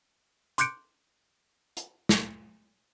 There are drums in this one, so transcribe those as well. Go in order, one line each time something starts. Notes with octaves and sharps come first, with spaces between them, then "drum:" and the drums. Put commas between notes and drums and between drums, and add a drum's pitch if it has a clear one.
C6 D6 F#6 G6 C#7 D7, drum: hi-hat
drum: hi-hat
drum: snare